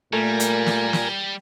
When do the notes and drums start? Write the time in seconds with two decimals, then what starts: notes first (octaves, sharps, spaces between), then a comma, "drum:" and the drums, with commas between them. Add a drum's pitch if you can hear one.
0.13 A#2 G3 A3 A#4 G#5
0.40 drum: hi-hat
0.66 drum: snare
0.93 drum: snare